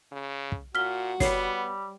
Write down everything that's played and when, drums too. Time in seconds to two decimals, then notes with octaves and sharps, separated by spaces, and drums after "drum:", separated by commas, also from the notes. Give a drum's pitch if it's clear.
0.12 C#3
0.52 drum: kick
0.75 A#2 F#4 F6 B6 G7
1.20 G3 B3 C#5 C7, drum: snare